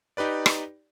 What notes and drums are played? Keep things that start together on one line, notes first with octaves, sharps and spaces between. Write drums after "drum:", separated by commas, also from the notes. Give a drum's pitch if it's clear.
D#4 G4 B4 D5
drum: rim click